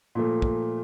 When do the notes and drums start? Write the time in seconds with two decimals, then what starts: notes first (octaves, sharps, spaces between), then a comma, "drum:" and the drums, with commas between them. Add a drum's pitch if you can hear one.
0.15 A#2 F3 A3
0.42 drum: kick